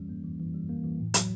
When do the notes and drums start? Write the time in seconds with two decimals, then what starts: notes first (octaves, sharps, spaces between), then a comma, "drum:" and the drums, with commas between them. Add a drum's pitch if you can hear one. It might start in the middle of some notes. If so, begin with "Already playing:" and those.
Already playing: E3 G3 C#4
0.09 A#3
0.24 E3
0.40 E3
0.54 G3
0.69 A#3
0.84 E3
1.00 A2
1.14 F#3, drum: hi-hat